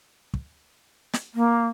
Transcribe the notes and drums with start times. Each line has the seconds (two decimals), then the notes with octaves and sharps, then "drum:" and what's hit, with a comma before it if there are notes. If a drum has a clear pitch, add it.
0.34 drum: kick
1.13 drum: snare
1.35 A#3